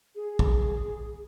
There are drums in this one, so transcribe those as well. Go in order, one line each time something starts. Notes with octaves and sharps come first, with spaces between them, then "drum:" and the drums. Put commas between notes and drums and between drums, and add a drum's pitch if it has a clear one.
G#4
drum: kick